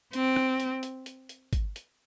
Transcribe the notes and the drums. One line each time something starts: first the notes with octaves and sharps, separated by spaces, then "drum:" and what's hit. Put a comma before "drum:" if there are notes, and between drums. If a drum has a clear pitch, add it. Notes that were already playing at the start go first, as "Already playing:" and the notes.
C4, drum: hi-hat
drum: rim click
drum: hi-hat
drum: hi-hat
drum: hi-hat
drum: hi-hat
drum: kick, hi-hat
drum: hi-hat